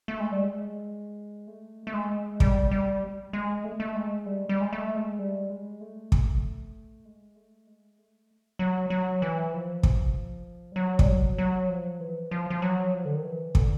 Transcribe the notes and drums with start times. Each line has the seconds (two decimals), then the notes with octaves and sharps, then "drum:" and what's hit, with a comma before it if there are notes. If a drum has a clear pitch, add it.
0.08 A3
0.20 G#3
0.32 G3
0.43 G#3
1.47 A3
1.87 A3
1.94 G#3
2.40 G3, drum: kick
2.71 G3
3.33 G#3
3.64 A3
3.80 A3
3.95 G#3
4.26 G3
4.49 G3
4.61 G#3
4.73 A3
4.96 G#3
5.19 G3
5.50 G#3
5.81 A3
6.12 drum: kick
7.05 G#3
7.36 A3
7.67 G#3
7.98 A3
8.59 F#3
8.90 F#3
9.22 E3
9.52 F3
9.83 drum: kick
10.72 G3
10.76 F#3
10.99 G3, drum: kick
11.08 F#3
11.38 F#3
11.69 F3
12.00 E3
12.31 F3
12.50 F3
12.62 F#3
12.93 F3
13.05 D3
13.14 D#3
13.24 E3
13.55 D3, drum: kick